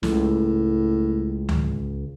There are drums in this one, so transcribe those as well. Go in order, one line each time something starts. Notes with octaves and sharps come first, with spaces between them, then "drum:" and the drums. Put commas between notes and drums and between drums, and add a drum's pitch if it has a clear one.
C#2 A2, drum: snare
drum: tom C#2